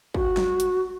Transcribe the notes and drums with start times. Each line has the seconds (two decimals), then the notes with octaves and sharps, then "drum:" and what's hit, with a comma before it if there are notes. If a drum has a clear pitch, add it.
0.14 F#4, drum: kick
0.37 drum: snare
0.60 drum: hi-hat